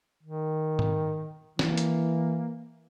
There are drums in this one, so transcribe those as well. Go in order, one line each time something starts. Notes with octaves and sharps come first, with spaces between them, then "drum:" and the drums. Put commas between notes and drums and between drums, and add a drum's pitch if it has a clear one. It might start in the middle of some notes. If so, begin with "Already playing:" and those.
D#3
drum: tom G#2
E3 A#3, drum: snare
drum: hi-hat